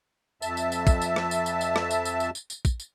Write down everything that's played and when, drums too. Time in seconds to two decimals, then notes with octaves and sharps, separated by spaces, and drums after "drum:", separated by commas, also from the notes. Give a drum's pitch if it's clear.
0.42 F2 E5 A5, drum: tambourine
0.57 drum: tambourine
0.72 drum: tambourine
0.87 drum: kick, tambourine
1.02 drum: tambourine
1.16 drum: rim click
1.31 drum: tambourine
1.46 drum: tambourine
1.61 drum: tambourine
1.76 drum: rim click
1.91 drum: tambourine
2.05 drum: tambourine
2.20 drum: tambourine
2.35 drum: tambourine
2.50 drum: tambourine
2.65 drum: kick, tambourine
2.80 drum: tambourine